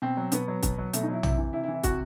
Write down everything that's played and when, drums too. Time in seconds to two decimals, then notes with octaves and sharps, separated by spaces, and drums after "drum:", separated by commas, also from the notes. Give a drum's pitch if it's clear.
0.02 B2 C4
0.17 F#3
0.32 B2 B3, drum: hi-hat
0.48 F#3
0.63 B2, drum: kick, hi-hat
0.78 F#3
0.93 B2 A3, drum: hi-hat
1.03 D#4
1.09 F#3 E4
1.23 C3 E4, drum: tom
1.38 E3
1.53 C3 E4
1.63 E4
1.68 E3
1.74 E4
1.84 C3 F#4, drum: kick, hi-hat